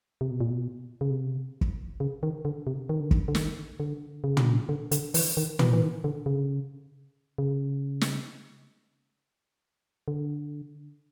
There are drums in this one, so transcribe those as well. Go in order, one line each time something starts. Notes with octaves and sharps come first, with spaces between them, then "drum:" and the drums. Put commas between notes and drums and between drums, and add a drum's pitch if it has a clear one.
C3
B2
A#2
B2
C#3
C3
drum: kick
C#3
D#3
D3
C3
D#3
D3
D#3, drum: kick
D3
D#3, drum: snare
D3
C#3
D3, drum: tom
C#3
D3
D3, drum: hi-hat
E3, drum: open hi-hat
D#3
E3, drum: tom
E3
D#3
D3
C#3
C#3
drum: snare
D3